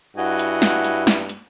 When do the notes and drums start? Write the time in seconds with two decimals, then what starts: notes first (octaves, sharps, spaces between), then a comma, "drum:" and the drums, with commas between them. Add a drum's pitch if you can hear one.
0.17 G2 E4 F#4 D#5 F#5 G#5
0.39 drum: hi-hat
0.62 drum: snare
0.84 drum: hi-hat
1.07 drum: snare
1.29 drum: hi-hat